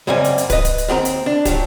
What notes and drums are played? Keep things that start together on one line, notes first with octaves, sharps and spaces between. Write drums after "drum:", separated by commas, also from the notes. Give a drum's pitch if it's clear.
C#2 F#2 G3 A#3 C4 G#5
drum: hi-hat
drum: hi-hat
B4 D#5, drum: kick, hi-hat
drum: kick, hi-hat
drum: hi-hat
D#2 C4 G4 A#4
drum: hi-hat
D4
F3 F#3 G4, drum: kick, hi-hat